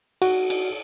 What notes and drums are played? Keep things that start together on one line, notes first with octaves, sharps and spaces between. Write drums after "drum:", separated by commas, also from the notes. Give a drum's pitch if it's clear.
F#4, drum: cymbal
drum: cymbal